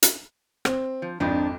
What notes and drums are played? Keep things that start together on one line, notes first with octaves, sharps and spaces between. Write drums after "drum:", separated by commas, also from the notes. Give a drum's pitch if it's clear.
drum: hi-hat
C4, drum: rim click
F3
G#1 F2 F3 D4 D#4